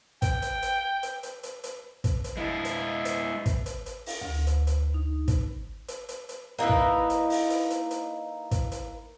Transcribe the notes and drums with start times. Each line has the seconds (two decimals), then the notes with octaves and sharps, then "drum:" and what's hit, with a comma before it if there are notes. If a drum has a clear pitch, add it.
0.22 G5, drum: kick, hi-hat
0.42 drum: hi-hat
0.62 drum: hi-hat
1.03 drum: hi-hat
1.23 drum: hi-hat
1.43 drum: hi-hat
1.64 drum: hi-hat
2.04 drum: kick, hi-hat
2.24 drum: hi-hat
2.37 G#3 E4
2.65 drum: hi-hat
3.05 drum: hi-hat
3.46 drum: kick, hi-hat
3.66 drum: hi-hat
3.86 drum: hi-hat
4.06 drum: open hi-hat
4.21 D2
4.47 drum: hi-hat
4.67 drum: hi-hat
4.94 D#4
5.28 drum: kick, hi-hat
5.88 drum: hi-hat
6.09 drum: hi-hat
6.29 drum: hi-hat
6.59 A#3 D#4 E4 B4
6.69 drum: kick
7.10 drum: hi-hat
7.30 drum: open hi-hat
7.50 drum: hi-hat
7.70 drum: hi-hat
7.91 drum: hi-hat
8.51 drum: kick, hi-hat
8.72 drum: hi-hat